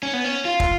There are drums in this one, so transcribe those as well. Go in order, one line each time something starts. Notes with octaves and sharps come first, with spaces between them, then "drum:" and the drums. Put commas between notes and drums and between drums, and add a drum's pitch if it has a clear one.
C#4
B3
C#4
F4
drum: kick